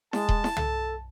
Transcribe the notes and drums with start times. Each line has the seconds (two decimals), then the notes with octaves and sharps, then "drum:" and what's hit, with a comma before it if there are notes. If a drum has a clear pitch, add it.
0.13 G#3 A5, drum: snare E4
0.29 drum: kick D#1
0.44 drum: snare E4
0.57 A4, drum: tom